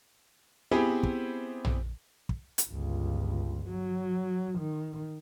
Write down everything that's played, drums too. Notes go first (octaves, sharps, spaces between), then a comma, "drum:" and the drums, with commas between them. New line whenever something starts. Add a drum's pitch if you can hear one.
B3 C4 E4 G4 G#4 C5
drum: kick
drum: tom A#1
drum: kick
drum: hi-hat
G1 C#2
F#3
D#3